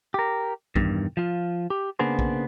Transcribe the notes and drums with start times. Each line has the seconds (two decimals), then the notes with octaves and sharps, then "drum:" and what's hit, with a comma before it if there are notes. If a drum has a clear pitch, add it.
0.14 G4 A#4
0.76 E2 G2 D#3, drum: kick A#1
1.17 F3 F4
1.70 G4
1.99 C#3 A#3 B3 D4 G#4 C5
2.19 drum: kick A#1